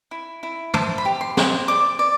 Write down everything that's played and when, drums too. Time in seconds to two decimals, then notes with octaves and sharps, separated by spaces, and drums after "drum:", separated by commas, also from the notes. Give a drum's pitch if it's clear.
0.11 E4
0.43 E4
0.74 C5 A5, drum: tom
0.98 B5
1.05 G4
1.21 C6
1.37 C5, drum: snare
1.68 D5 D6
1.99 D5